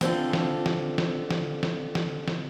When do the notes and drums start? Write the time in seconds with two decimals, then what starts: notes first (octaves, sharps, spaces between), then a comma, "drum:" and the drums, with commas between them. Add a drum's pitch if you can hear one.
0.01 D3 C4 F4 A4, drum: snare
0.33 drum: snare
0.66 drum: snare
0.98 drum: snare
1.31 drum: snare
1.63 drum: snare
1.95 drum: snare
2.28 drum: snare